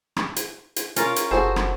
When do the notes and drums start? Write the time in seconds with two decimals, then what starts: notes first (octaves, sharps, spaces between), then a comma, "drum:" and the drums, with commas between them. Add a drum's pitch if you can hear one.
0.16 drum: rim click
0.36 drum: hi-hat
0.76 drum: hi-hat
0.96 C#4 F4 A#4, drum: hi-hat
1.16 drum: hi-hat
1.31 F#1 F#4 G#4 A4 C5
1.56 drum: rim click